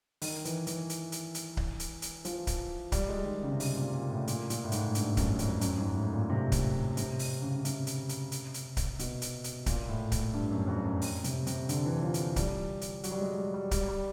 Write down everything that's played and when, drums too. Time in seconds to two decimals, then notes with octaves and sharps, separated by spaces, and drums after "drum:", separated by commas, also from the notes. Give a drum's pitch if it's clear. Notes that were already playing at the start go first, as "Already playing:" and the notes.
0.22 D#3, drum: open hi-hat
0.45 E3, drum: hi-hat
0.67 E3, drum: hi-hat
0.90 drum: hi-hat
1.12 drum: hi-hat
1.35 drum: hi-hat
1.57 drum: kick C#1
1.80 drum: hi-hat
2.02 drum: hi-hat
2.25 F3, drum: hi-hat
2.47 drum: kick C#1, hi-hat
2.92 G3, drum: kick C#1, hi-hat
3.09 G#3
3.25 D#3
3.43 C#3
3.52 C3
3.60 C#3, drum: open hi-hat
3.77 A#2
3.93 A#2
4.10 A2
4.27 A#2, drum: hi-hat
4.50 A#2, drum: hi-hat
4.65 A2
4.72 G#2, drum: hi-hat
4.95 G2, drum: hi-hat
5.17 F#2, drum: kick C#1, hi-hat
5.39 F2, drum: hi-hat
5.61 F#2, drum: hi-hat
5.78 G#2
5.95 A2
6.13 A#2
6.30 C3
6.52 drum: kick C#1, hi-hat
6.97 C3, drum: hi-hat
7.19 drum: open hi-hat
7.42 C#3
7.54 C#3
7.65 C3, drum: hi-hat
7.87 drum: hi-hat
8.09 drum: hi-hat
8.32 drum: hi-hat
8.54 drum: hi-hat
8.77 drum: kick C#1, hi-hat
8.99 B2, drum: hi-hat
9.22 drum: hi-hat
9.44 drum: hi-hat
9.66 A#2, drum: kick C#1, hi-hat
9.89 A2
10.12 drum: kick C#1, hi-hat
10.33 G2
10.51 F#2
10.67 F2
10.84 F#2
11.02 drum: open hi-hat
11.24 C3, drum: hi-hat
11.47 C3, drum: hi-hat
11.69 D3, drum: hi-hat
11.86 E3
12.03 F3
12.14 drum: hi-hat
12.36 G3, drum: kick C#1, hi-hat
12.81 drum: hi-hat
13.04 F#3, drum: hi-hat
13.12 G3
13.21 G#3
13.37 G3
13.54 G3
13.71 G3, drum: kick C#1, hi-hat
13.88 G3